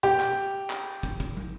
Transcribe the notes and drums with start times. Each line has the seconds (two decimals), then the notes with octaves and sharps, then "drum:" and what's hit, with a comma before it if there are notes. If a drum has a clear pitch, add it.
0.03 G4, drum: tom B2
0.20 drum: clap
0.70 drum: clap
1.03 drum: kick
1.20 drum: kick
1.37 drum: tom